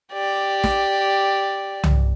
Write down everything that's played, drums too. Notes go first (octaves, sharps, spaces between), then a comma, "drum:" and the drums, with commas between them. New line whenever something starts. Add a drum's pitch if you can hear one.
G4 D5
drum: snare
drum: tom C2